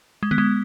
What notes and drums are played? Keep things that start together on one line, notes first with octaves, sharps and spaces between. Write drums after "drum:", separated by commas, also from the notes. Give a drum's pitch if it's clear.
G#3
B3, drum: tom D3
G#3